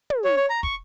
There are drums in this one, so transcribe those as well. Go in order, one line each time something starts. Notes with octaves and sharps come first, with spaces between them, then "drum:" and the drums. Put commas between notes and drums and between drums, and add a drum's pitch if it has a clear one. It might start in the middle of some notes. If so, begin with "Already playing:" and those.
drum: tom
C#5
C#5
A#5
C#6, drum: kick